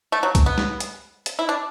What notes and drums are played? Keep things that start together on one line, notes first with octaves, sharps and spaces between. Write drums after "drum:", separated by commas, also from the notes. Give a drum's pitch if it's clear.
A3
F#3
drum: kick C2, hi-hat
B3
drum: snare
drum: hi-hat
drum: hi-hat
E4
D4